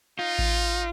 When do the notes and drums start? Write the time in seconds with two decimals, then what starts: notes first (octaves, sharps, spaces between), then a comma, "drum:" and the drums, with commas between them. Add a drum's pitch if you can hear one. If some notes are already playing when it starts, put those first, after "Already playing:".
0.19 D#4 F4
0.39 drum: kick A1